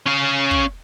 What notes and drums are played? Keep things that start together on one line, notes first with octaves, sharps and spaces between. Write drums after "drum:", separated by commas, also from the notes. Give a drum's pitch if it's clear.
C#4 F5
drum: kick